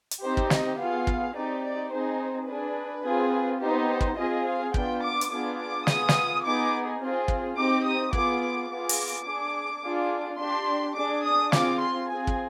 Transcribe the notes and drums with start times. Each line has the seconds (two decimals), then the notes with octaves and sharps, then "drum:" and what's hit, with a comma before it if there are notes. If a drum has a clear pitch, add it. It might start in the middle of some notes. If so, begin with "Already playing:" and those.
0.11 drum: hi-hat
0.22 C4 D#4 G4 C5
0.37 drum: kick
0.50 D#5, drum: snare
0.78 B3 F4 G#4 F5
1.07 drum: kick
1.35 C4 D#4 G4 D5
1.63 D5
1.92 C4 D#4 G#4 C5
2.48 D4 G#4 B4
3.05 C4 F4 G#4
3.61 B3 D#4 G4 C5
3.89 C5
4.01 drum: kick
4.18 C4 F4 G#4 D#5
4.46 F5
4.74 B3 D4 F4 G5, drum: kick
5.03 D6
5.21 drum: hi-hat
5.31 B3 D4 F4 G#4 D6
5.58 D6
5.87 B3 F4 G#4 D#6, drum: snare
6.09 drum: snare
6.44 B3 D#4 G#4 D6
7.00 C4 F4 G#4
7.28 drum: kick
7.57 C4 D#4 G4 D6
7.85 D#6
8.13 B3 F4 G#4 D6, drum: kick
8.41 D6
8.70 B3 F4 G#4 D6
8.89 drum: open hi-hat
9.26 D4 G#4
9.83 D4 F4 G#4
10.39 D4 G4 C6
10.96 D4 G#4 D6
11.24 D#6
11.52 C4 F4 G#4 D6, drum: snare
11.81 C6
12.09 C4 F4 G#4 G#5
12.27 drum: kick